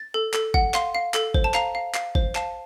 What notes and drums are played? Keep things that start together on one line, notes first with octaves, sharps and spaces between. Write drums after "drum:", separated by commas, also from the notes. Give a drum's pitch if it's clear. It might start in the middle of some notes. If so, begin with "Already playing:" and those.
Already playing: A6
A4
A4, drum: clap
F#5, drum: kick
F5 C6, drum: clap
F5
A4, drum: clap
C5, drum: kick
A5
F5 A#5, drum: clap
F5
F5, drum: clap
C5, drum: kick
F5 A5, drum: clap